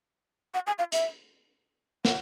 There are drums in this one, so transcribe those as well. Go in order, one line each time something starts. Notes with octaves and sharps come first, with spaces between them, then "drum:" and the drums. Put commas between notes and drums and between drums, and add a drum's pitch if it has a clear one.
F#5
G#5
F5
E5, drum: hi-hat
F#5, drum: snare